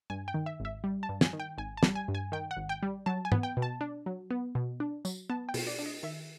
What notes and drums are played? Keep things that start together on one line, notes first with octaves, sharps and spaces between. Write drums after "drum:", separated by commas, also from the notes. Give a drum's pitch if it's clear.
G2 G#5
G5
D#3
E5
G#1
E5
G3
A5
G2
G#5, drum: snare
D#3
G5
G#1 G#5
A5
G3, drum: snare
G#5
G2
G#5
D#3 G5
F#5
G#1
G5
G3
F#3 A5
G#5
B3, drum: tom
G5
B2
A5
D4
F#3
B3
B2
D4
F#3, drum: tambourine
B3 A5
G5
B2, drum: open hi-hat
D5
D4
D#5
D#3 E5